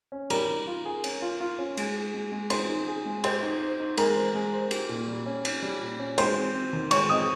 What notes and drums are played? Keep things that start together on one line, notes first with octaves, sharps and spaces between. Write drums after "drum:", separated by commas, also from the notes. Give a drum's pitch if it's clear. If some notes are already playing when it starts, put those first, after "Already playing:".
C#4
G3 A#4 A#5, drum: cymbal
G3
F4
G#4
C#4, drum: cymbal
F4
F4
C#4
G#3, drum: cymbal
G#4
G#3
G#3
G#4 C5 C6, drum: cymbal
D#4
G#4
G#3
G4 C5 C6, drum: cymbal
D#4
C5
D#4
G#3 A#4 A#5, drum: cymbal
C5
G#3
C5
G4, drum: cymbal
A#2
G3
C#4
C#4, drum: cymbal
G3
A#2
C#4
G#3 C5 C6, drum: cymbal
C4
C4
D#3
G#3 C#5 C#6, drum: cymbal
C4 D#5 D#6